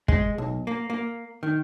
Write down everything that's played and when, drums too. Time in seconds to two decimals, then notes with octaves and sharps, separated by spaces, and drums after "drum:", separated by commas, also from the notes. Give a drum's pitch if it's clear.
0.08 G#3, drum: kick
0.38 B1
0.67 A#3
0.90 A#3
1.43 D#3